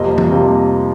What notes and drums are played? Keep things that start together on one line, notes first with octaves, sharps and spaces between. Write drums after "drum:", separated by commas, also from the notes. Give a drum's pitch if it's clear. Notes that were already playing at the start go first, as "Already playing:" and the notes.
Already playing: F2 C3 G3 A#3 D#5
drum: tom E3
C3 G3 A#3